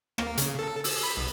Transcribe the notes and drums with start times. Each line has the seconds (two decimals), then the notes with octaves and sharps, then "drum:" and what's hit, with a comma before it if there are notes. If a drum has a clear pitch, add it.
0.18 A#3, drum: rim click
0.38 C#3, drum: hi-hat
0.59 A4
0.84 E6, drum: open hi-hat
1.03 B5
1.17 B1